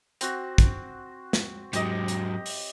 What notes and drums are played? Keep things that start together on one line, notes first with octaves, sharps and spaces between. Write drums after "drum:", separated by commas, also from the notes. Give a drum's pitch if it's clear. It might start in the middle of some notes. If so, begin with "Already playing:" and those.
C4 F#4, drum: hi-hat
drum: kick, hi-hat
drum: snare
G#2 F#3 G4 D#5, drum: hi-hat
drum: hi-hat
drum: open hi-hat